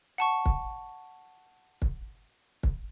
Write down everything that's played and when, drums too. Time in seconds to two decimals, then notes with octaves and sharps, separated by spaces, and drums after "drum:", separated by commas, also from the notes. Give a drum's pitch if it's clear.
0.18 F#5 A5 C#6
0.46 drum: kick
1.82 drum: kick
2.63 drum: kick